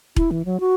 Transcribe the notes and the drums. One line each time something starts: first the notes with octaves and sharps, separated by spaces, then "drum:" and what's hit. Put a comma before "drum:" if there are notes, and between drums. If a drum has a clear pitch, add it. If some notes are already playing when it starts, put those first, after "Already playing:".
E4, drum: kick E1
E3
F#3
F#4